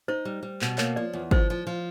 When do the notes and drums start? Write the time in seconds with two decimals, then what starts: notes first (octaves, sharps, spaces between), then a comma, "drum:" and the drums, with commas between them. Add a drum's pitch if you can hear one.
0.08 D#4 C5
0.25 G3
0.43 G3
0.62 B2, drum: clap
0.78 A#3 C#5, drum: clap
0.96 F3 D5
1.13 E2
1.31 F3 C5, drum: kick
1.50 F3
1.67 F3